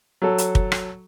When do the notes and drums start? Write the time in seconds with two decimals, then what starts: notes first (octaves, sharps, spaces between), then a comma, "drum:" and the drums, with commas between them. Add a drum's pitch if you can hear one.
0.22 F#3 A4
0.38 drum: hi-hat
0.55 drum: kick
0.72 drum: rim click